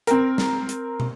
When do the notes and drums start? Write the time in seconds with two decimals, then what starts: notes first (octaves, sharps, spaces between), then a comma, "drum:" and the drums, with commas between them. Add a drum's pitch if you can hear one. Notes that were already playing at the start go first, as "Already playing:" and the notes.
0.07 C4 A#4, drum: hi-hat
0.38 drum: snare
0.69 drum: hi-hat
1.00 drum: tom